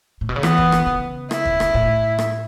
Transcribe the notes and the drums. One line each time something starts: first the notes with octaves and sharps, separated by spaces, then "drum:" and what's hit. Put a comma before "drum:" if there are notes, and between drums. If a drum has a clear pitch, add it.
A2
B2
C#3
E3 B3, drum: rim click
drum: kick
drum: rim click
C#3
E4, drum: rim click
drum: kick
drum: rim click
A2
drum: rim click